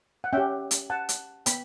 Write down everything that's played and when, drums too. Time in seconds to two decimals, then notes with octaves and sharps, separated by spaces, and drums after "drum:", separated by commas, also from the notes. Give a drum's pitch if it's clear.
0.24 F#5
0.33 C#4 G4 E5 G5
0.71 drum: hi-hat
0.90 F#5 A5
1.09 drum: hi-hat
1.46 B3 G5 B5, drum: hi-hat